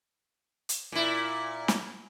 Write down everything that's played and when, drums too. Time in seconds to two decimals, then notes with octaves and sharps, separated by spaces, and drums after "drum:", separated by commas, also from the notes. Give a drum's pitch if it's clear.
0.69 drum: hi-hat
0.92 A#2 E4
1.68 drum: snare